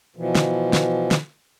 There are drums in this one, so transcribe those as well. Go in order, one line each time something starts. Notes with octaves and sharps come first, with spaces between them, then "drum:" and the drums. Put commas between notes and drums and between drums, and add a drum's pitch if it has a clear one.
B2 E3 F3
drum: snare
drum: snare
drum: snare